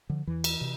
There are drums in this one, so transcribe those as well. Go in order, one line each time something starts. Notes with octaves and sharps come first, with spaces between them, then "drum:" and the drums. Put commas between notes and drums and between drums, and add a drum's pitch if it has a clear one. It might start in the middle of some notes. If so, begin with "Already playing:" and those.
D3 F3
E2 E3
drum: cymbal
C3